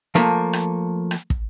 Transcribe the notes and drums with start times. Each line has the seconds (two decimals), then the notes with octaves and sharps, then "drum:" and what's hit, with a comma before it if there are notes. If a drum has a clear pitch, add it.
0.15 F3 A3 A#3
0.53 drum: rim click
1.11 drum: rim click
1.30 drum: kick